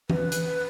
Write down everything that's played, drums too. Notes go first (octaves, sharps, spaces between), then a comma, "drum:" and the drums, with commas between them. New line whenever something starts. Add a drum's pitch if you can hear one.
B4, drum: tom E3
drum: hi-hat